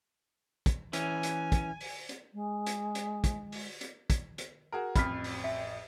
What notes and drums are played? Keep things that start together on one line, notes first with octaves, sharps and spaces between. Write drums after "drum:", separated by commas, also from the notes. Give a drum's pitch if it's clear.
drum: kick, hi-hat
E3 C#4 G#5, drum: hi-hat
drum: hi-hat
drum: kick, hi-hat
drum: open hi-hat
drum: hi-hat
G#3
drum: hi-hat
drum: hi-hat
drum: kick, hi-hat
drum: open hi-hat
drum: hi-hat
drum: kick, hi-hat
drum: hi-hat
F#4 G#4 A#4
A1 F2 B5 F6 B6, drum: kick, hi-hat
drum: open hi-hat
E5